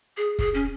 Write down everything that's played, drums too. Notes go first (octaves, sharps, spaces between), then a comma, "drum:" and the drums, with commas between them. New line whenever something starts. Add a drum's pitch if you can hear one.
G#4
G#4, drum: kick
C#4